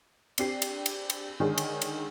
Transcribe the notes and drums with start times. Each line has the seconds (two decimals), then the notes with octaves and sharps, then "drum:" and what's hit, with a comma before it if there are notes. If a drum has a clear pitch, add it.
0.38 C4 D4 G4 C7, drum: cymbal
0.62 drum: cymbal
0.86 drum: cymbal
1.10 drum: cymbal
1.40 D3 D#3 G#3 G#4 C#5
1.58 drum: cymbal
1.82 drum: cymbal